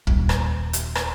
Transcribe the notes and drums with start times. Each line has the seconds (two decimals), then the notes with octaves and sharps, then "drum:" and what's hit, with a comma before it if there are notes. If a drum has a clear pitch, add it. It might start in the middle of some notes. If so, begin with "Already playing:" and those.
0.07 D#1, drum: kick
0.29 drum: rim click
0.73 drum: hi-hat
0.95 drum: rim click